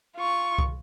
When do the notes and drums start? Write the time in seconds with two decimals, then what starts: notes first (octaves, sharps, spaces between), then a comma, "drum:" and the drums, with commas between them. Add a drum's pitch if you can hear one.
0.16 F4 C#6
0.58 drum: kick C2